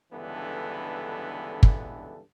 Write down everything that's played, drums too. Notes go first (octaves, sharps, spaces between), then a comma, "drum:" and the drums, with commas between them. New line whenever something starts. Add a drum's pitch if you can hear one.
C#2 G2 D3 E3 B3 A4
drum: kick